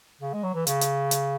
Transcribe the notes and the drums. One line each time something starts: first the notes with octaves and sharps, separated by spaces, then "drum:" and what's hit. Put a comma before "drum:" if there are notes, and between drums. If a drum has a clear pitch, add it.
C#3
G#3
F#3
E3
C#3, drum: hi-hat
drum: hi-hat
drum: hi-hat